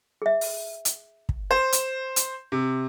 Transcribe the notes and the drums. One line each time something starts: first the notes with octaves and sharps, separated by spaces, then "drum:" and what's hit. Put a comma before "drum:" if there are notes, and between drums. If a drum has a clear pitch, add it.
G#4 E5
drum: open hi-hat
drum: hi-hat
drum: kick
C5
drum: hi-hat
drum: hi-hat
C3